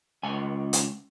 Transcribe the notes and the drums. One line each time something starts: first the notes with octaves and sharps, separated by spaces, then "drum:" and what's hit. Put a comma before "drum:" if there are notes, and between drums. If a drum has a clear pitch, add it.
C#2 G#5
drum: hi-hat